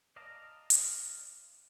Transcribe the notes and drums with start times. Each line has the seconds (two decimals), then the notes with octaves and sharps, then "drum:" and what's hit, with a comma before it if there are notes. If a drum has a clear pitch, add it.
0.16 D5 D#5 F5 A5 A#5
0.70 drum: hi-hat